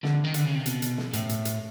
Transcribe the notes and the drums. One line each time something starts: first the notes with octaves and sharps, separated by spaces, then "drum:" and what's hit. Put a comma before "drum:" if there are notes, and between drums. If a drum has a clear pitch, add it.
D3, drum: snare
D#3
D3, drum: hi-hat
C#3
C3
B2, drum: hi-hat
drum: hi-hat
drum: snare
A2, drum: hi-hat
drum: hi-hat
drum: hi-hat